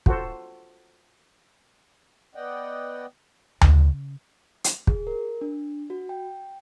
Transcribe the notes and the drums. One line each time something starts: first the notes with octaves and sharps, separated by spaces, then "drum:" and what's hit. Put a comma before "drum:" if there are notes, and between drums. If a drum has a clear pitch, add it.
F4 F#4 A4 C5, drum: kick
B3 D5 D#5 F#5 G5
C#3, drum: tom D2
drum: hi-hat
G#4, drum: kick
A#4
D4
F#4
G5